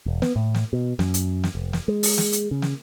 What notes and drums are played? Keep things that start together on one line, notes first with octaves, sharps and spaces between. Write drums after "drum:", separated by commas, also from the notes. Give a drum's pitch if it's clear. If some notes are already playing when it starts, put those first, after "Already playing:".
E1
B3, drum: snare
A2
drum: snare
B2
F#2, drum: snare
drum: hi-hat
drum: snare
F1
drum: snare
G#3
drum: open hi-hat
drum: snare
drum: hi-hat
C#3
drum: snare